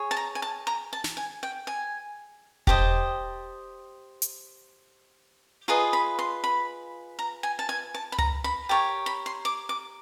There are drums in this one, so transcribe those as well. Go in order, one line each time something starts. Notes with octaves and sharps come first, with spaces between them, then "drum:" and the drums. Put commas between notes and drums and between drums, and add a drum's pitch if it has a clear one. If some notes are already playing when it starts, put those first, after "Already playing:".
Already playing: G#4 C#5
A5
A#5
G#5
A5
A#5
A5
drum: snare
G#5
G5
G#5
G4 C5 D#5 A5, drum: kick E1
drum: hi-hat
F4 G#4 B4 D#5 A#5
B5
C6
B5
A#5
G#5
A5
G#5
A5
B5
A#5, drum: tom C#2
B5
G4 A#4 C#5 A5
B5
C6
D6
D6